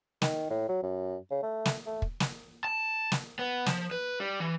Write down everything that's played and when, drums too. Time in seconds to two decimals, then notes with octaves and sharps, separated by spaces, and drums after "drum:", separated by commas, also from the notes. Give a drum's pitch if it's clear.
0.22 D#3, drum: snare
0.50 A2
0.69 F#3
0.83 F#2
1.31 C#3
1.43 A3
1.65 drum: snare
1.86 A3
2.02 drum: kick
2.20 drum: snare
2.65 A5
3.12 drum: snare
3.39 B3
3.66 F3, drum: snare
3.91 B4
4.20 G3
4.40 E3